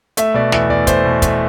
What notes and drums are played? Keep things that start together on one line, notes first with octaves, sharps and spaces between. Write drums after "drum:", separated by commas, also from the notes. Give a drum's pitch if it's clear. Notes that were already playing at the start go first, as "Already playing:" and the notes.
A3 E5, drum: hi-hat
B2 D5
E2 E5, drum: snare
E2 D5
A3 C5, drum: kick, hi-hat
B2
A3 E5, drum: kick, hi-hat